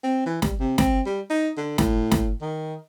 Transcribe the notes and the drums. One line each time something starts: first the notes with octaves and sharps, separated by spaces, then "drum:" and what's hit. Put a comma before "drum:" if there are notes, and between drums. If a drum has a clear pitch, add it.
C4
E3
G3, drum: snare
C3
C4, drum: snare
G3
D#4
D3
A2, drum: snare
drum: snare
D#3